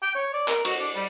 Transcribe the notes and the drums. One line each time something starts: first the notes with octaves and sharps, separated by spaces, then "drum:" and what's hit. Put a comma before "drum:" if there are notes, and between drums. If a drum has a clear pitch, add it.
G5
C#5
D5
A#4, drum: clap
F#4, drum: cymbal
D4
G3